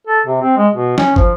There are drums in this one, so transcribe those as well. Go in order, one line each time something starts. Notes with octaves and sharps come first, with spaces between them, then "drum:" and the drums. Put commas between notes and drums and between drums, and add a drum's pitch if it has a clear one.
A4
C3
C4
G#3
B2
C#4, drum: snare
F3, drum: kick